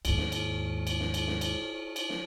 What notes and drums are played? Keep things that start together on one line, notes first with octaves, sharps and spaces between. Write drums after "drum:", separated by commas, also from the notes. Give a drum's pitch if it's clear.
D#2 G#2, drum: cymbal
drum: snare
drum: cymbal
drum: cymbal
drum: snare
drum: cymbal
drum: snare
drum: cymbal
drum: cymbal
drum: snare